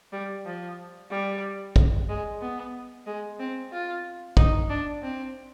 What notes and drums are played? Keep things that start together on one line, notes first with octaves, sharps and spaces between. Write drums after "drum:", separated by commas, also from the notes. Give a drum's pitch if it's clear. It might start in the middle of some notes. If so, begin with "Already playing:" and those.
G3
F3
G3
drum: kick
G#3
B3
G#3
C4
F4
D#4, drum: kick
D4
C4